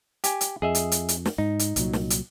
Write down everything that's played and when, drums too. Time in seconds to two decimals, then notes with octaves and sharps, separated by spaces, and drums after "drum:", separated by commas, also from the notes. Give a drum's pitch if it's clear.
0.24 G4 G#5, drum: hi-hat
0.41 drum: hi-hat
0.62 F2 G#4 D#5 E5
0.75 drum: hi-hat
0.92 drum: hi-hat
1.09 drum: hi-hat
1.26 drum: snare
1.38 G#2 D#4
1.59 drum: hi-hat
1.76 C2 A#2 F#3, drum: hi-hat
1.93 drum: snare
2.10 drum: hi-hat